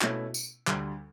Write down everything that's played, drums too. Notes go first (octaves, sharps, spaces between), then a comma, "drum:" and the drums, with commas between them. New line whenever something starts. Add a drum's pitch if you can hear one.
B2 A3 C#4 E4, drum: clap
drum: tambourine
D2 D3 G3, drum: clap